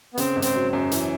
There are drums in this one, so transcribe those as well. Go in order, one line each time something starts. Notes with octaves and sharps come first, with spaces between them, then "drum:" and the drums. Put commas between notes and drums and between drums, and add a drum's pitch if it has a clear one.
B3
C#3 C4, drum: hi-hat
G#1
C4, drum: hi-hat
F#3
F#2
E3, drum: hi-hat